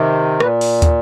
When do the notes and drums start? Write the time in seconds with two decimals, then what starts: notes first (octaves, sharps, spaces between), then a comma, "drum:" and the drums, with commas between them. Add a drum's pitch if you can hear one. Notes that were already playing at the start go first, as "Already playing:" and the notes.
Already playing: C3 D#3
0.40 A#2 B4, drum: rim click
0.61 drum: open hi-hat
0.82 drum: kick, hi-hat